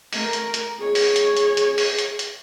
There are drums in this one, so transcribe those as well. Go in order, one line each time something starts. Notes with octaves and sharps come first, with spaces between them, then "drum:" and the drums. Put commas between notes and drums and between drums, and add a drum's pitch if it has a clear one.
A3 A#4, drum: open hi-hat
drum: hi-hat
drum: hi-hat
G#4 C#5
drum: open hi-hat
drum: hi-hat
drum: hi-hat
drum: hi-hat
drum: open hi-hat
drum: hi-hat
drum: hi-hat